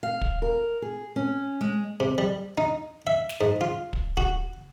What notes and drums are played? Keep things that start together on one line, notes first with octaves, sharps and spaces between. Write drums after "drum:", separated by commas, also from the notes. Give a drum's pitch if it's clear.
F5
drum: kick
A#4
G#4
C#4
G#3
C3
G3
D#4
E5
drum: snare
G#2
F4
drum: kick
F#4, drum: kick